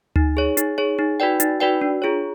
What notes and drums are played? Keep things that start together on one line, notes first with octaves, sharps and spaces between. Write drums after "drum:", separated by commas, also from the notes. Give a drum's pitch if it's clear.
D#4, drum: tom D2
G#4 C#5
D#4, drum: hi-hat
G#4 C#5
D#4
F#4 B4 D5 G5
D#4, drum: hi-hat
F#4 B4 D5 G5
D4
F4 G#4 C#5